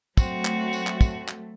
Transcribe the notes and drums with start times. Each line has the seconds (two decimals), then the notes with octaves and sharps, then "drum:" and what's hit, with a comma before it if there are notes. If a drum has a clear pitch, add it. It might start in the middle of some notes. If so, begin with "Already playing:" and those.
0.17 F#3 A3 C4 F#4, drum: kick, tambourine
0.45 drum: clap
0.73 drum: tambourine
0.87 drum: clap
1.01 drum: kick, tambourine
1.28 drum: clap